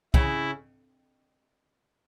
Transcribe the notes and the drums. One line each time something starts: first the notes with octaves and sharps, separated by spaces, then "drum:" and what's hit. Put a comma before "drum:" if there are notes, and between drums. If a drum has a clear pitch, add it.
C#3 E4, drum: kick